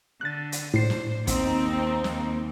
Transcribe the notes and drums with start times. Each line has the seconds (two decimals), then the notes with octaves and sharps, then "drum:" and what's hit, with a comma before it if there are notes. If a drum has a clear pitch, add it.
0.21 D3 F#6 A6
0.52 drum: hi-hat
0.74 A2 D4 C5 C7
0.90 drum: snare
1.27 D#2 C4 D#4, drum: kick, hi-hat
2.04 D#2, drum: snare